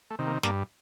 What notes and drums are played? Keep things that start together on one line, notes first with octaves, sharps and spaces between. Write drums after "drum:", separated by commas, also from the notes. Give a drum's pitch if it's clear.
A3
C3 D#3
A#3
G2 A#3 D4, drum: snare